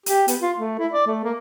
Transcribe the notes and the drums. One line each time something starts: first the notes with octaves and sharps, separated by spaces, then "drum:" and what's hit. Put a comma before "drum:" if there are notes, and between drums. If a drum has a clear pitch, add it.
G4, drum: hi-hat
B3, drum: hi-hat
F4
A3
E4
D5
A3
A#3